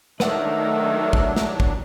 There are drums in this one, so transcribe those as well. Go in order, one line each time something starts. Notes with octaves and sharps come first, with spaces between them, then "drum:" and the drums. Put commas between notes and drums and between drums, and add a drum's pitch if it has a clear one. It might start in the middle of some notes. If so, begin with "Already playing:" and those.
D#3 F#3 A3 D4 B4 E5 F#5, drum: snare
drum: kick
drum: snare
drum: kick